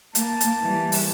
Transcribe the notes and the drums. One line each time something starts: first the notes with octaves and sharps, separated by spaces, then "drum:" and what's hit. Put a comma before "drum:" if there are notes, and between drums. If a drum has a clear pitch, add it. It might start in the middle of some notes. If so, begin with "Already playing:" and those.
A#3 A5, drum: hi-hat
drum: hi-hat
E3 G3
drum: open hi-hat